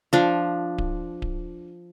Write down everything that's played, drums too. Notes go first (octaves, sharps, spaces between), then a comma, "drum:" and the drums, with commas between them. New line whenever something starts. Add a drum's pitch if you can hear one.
F3 D4
drum: kick D1
drum: kick D1